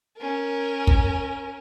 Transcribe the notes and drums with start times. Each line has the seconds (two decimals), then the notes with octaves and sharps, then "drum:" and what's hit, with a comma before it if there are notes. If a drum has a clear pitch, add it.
0.17 C#4 A#4
0.87 drum: kick